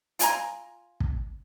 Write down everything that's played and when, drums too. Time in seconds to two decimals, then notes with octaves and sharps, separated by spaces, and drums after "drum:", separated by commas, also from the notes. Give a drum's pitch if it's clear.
0.19 F4 G#5 A#5, drum: hi-hat
1.00 drum: kick